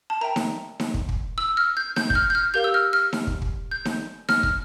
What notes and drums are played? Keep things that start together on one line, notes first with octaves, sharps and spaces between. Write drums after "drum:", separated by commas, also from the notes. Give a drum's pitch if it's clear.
A5
A#4 E5 G5 A#5
drum: snare D#4
drum: snare D#4
drum: kick
drum: kick
E6
F6
G6
G6, drum: snare D#4
G6, drum: kick
F6
G6
F6
G4 A#4 F5 G6
E6
F6
F6
drum: snare D#4
drum: kick
drum: kick
G6
drum: snare D#4
F6, drum: snare D#4
F6, drum: kick